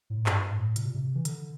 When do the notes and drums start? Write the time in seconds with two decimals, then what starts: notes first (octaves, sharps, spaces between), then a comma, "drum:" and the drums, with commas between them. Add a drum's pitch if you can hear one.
0.10 A2
0.26 G2, drum: clap
0.51 A2
0.76 C3, drum: hi-hat
0.85 A#2
0.95 C3
1.16 E3
1.25 D3, drum: hi-hat